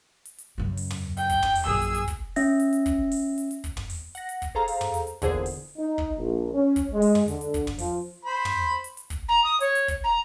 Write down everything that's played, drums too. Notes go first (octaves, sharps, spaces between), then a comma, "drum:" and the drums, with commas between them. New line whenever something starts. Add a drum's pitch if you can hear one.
drum: hi-hat
drum: hi-hat
F#2 C#3
drum: open hi-hat
drum: tom
G5, drum: hi-hat
drum: kick, hi-hat
drum: tom
drum: open hi-hat
A#1 F#2 G#4 E6
drum: hi-hat
drum: hi-hat
drum: kick, hi-hat
C#4 E5 A#6, drum: open hi-hat
drum: hi-hat
drum: hi-hat
drum: kick, hi-hat
drum: open hi-hat
drum: hi-hat
drum: hi-hat
drum: kick, hi-hat
drum: tom
drum: open hi-hat
F#5 A#6, drum: hi-hat
drum: hi-hat
drum: kick, hi-hat
G#4 A4 C5 F5 A#5
drum: open hi-hat
drum: tom
drum: hi-hat
drum: hi-hat
E2 A#2 D3 G#4 C5, drum: kick, hi-hat
drum: open hi-hat
D#4
drum: kick
A#1
C#4
drum: kick, hi-hat
G#3
drum: open hi-hat
drum: tom
D3, drum: hi-hat
drum: hi-hat
drum: kick, hi-hat
drum: tom
F3, drum: open hi-hat
C5 B5
drum: tom
drum: hi-hat
drum: hi-hat
drum: kick, hi-hat
A#5
D#6
C#5, drum: hi-hat
drum: hi-hat
drum: kick, hi-hat
A#5